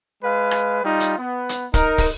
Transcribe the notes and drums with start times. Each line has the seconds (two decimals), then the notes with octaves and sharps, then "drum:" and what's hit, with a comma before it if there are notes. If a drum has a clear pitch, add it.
0.23 G#3 B4 F5
0.51 drum: rim click
0.83 G3 D#4 F4
1.00 drum: hi-hat
1.18 B3
1.49 drum: hi-hat
1.74 D#4 A#4, drum: kick, hi-hat
1.98 drum: kick, open hi-hat